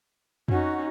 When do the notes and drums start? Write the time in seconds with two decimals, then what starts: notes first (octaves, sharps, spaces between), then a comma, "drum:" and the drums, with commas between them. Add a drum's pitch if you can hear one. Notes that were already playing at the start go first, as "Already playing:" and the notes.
0.48 C#4 D#4 F#4, drum: tom F2